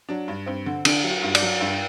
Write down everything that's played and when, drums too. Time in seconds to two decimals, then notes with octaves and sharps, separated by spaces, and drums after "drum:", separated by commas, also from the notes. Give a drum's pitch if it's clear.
0.09 F#3 D4
0.28 G2
0.46 G2 C4
0.66 D3
0.85 D3 D4, drum: cymbal
1.03 F#3
1.11 F#4
1.23 G2
1.35 D5, drum: cymbal
1.42 F#3
1.61 G2